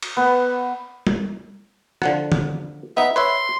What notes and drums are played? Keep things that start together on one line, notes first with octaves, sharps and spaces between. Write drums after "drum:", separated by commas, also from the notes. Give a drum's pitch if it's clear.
drum: cymbal
B3
drum: tom
D3 F3 F#5, drum: rim click
drum: tom D3
B3 D#4 E5
B4 C#5 E5 C6